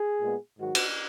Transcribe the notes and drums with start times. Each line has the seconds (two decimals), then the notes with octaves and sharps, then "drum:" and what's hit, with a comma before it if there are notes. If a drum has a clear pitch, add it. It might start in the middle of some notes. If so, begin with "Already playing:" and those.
Already playing: G#4
0.22 A#2 G#3 B3
0.59 G#2 D#3 F#3 F#4
0.75 drum: cymbal